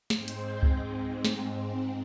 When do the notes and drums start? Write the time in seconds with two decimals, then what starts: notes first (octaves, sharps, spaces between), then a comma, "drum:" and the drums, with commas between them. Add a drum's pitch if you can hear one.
0.10 G#2 G#3 C4 C5, drum: snare
0.28 drum: hi-hat
0.63 drum: kick C#2
1.25 drum: snare